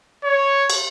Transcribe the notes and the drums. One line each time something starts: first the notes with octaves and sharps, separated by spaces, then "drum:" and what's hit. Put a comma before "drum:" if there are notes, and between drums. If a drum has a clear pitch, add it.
C#5
drum: cymbal